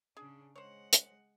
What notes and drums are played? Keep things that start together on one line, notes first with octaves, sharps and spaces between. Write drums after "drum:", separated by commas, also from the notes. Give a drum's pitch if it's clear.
C#3 D4 G#4
G#3 C5 C#5 F#5
drum: hi-hat